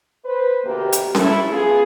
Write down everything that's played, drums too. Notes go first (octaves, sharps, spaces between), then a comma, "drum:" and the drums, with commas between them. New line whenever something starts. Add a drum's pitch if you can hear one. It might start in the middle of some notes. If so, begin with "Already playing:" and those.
B4 C5
D2 B2 A#3 G4
drum: hi-hat
A3 E4, drum: snare C#4
B3 F4 G#4